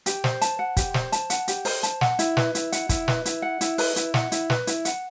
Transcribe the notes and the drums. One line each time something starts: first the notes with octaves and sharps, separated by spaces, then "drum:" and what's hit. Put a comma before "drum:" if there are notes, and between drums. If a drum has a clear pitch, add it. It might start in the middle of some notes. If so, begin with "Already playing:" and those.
G4, drum: hi-hat
C5, drum: snare
A5, drum: hi-hat
F#5
G4, drum: kick, hi-hat
C5, drum: snare
A5, drum: hi-hat
F#5, drum: hi-hat
G4, drum: hi-hat
C5, drum: open hi-hat
A5, drum: hi-hat
F#5, drum: snare
E4, drum: hi-hat
B4, drum: snare
E4, drum: hi-hat
F#5, drum: hi-hat
E4, drum: kick, hi-hat
B4, drum: snare
E4, drum: hi-hat
F#5
E4, drum: hi-hat
B4, drum: open hi-hat
E4, drum: hi-hat
F#5, drum: snare
E4, drum: hi-hat
B4, drum: snare
E4, drum: hi-hat
F#5, drum: hi-hat